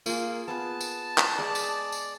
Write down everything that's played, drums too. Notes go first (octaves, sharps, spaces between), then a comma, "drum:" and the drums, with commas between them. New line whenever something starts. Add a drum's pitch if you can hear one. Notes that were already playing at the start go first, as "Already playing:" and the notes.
A#3 F4 G#4, drum: tambourine
B3 G#4 B4 A5
drum: tambourine
drum: clap
G#3 G#4 D5
drum: tambourine
drum: tambourine